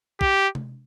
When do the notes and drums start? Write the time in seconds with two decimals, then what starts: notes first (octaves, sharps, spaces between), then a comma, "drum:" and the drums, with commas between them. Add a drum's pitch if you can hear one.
0.21 G4, drum: kick
0.55 drum: tom C3